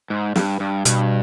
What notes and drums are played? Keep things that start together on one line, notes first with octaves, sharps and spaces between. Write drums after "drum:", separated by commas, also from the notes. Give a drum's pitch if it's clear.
G#2
G2, drum: snare
G2
G2 B2, drum: hi-hat